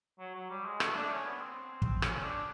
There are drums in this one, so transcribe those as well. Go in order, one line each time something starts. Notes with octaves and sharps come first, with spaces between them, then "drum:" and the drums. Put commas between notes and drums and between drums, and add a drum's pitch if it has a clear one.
F#3
F#3
G3
G#3
A3, drum: rim click
D4
C#4
B3
C4
drum: kick
C#4, drum: rim click
D4